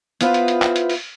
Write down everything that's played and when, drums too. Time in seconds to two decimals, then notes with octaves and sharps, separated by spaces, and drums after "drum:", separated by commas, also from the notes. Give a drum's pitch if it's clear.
0.21 B3 E4 F4 B4 C5, drum: hi-hat
0.34 drum: hi-hat
0.48 drum: hi-hat
0.62 drum: clap
0.76 drum: hi-hat
0.89 drum: open hi-hat